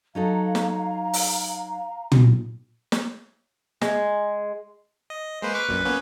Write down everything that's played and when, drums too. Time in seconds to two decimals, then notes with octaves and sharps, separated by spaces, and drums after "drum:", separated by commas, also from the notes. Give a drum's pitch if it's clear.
0.15 F#3 D#4 A4 F5 A#5
0.55 drum: snare
1.13 drum: open hi-hat
2.12 drum: tom
2.92 drum: snare
3.82 G#3, drum: snare
5.10 D#5
5.42 G#3 A#3 B4 C5
5.54 B4 C#6 D6 F6
5.69 A#1 F#2 A#2
5.85 A#3 B3 C#4